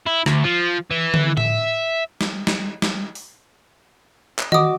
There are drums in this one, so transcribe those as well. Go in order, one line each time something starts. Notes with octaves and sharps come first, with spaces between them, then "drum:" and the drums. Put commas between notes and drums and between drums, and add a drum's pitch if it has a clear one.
E4
D2, drum: rim click
F3
E3
drum: tom D3
E5, drum: tom A2
drum: snare
drum: snare
drum: snare
drum: open hi-hat
drum: clap
F#4 D#5 D6 D#6, drum: tom D#3